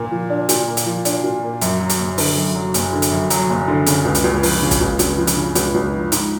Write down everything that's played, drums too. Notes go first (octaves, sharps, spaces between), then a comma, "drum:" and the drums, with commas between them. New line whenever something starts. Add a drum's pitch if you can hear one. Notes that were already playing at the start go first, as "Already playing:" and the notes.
Already playing: A#2 A#3
F3
D4
A#2, drum: hi-hat
A#3
drum: hi-hat
F3
D4, drum: hi-hat
A#2
A#3
F#2, drum: hi-hat
F#3
drum: hi-hat
F#1
D3, drum: open hi-hat
F#2
F#3
F#1, drum: hi-hat
D3
drum: hi-hat
F#2
F#3, drum: hi-hat
F#1
D3
C#3, drum: hi-hat
C#2
drum: hi-hat
C#2
F3, drum: open hi-hat
C#3
drum: kick, hi-hat
C#2
C#2, drum: hi-hat
F3
drum: hi-hat
C#3
C#2, drum: hi-hat
C#2
F3
G#2, drum: hi-hat